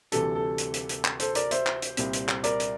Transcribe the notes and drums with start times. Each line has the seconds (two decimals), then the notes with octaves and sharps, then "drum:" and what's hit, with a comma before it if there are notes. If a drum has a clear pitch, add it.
0.12 D2 C3 E3 G3 A4, drum: hi-hat
0.35 A4
0.58 drum: hi-hat
0.74 drum: hi-hat
0.89 drum: hi-hat
1.05 drum: clap
1.20 A4 C5, drum: hi-hat
1.35 A#4 D5, drum: hi-hat
1.51 C5 E5, drum: hi-hat
1.67 drum: clap
1.82 drum: hi-hat
1.97 C2 A#2 G3 C4, drum: hi-hat
2.13 drum: hi-hat
2.29 drum: clap
2.44 A#4 D5, drum: hi-hat
2.60 drum: hi-hat